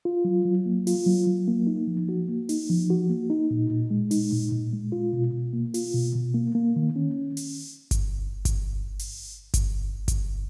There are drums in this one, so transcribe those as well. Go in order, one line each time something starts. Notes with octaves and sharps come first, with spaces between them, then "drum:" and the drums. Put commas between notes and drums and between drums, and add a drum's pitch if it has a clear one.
F4
F#3
F#3
A#3
F4, drum: open hi-hat
F#3
F#3
A#3
D#4
F3
F#4
A#3
D#4, drum: open hi-hat
F3
F#4
A#3
D#4
A#2
A#2
G#3
D#4, drum: open hi-hat
A#2
A#2
G#3
F4
B2
B2
A#3
F4, drum: open hi-hat
B2
B2
A#3
A#3
D#3
C#4
drum: open hi-hat
drum: kick G1, hi-hat
drum: kick G1, hi-hat
drum: open hi-hat
drum: kick G1, hi-hat
drum: kick G1, hi-hat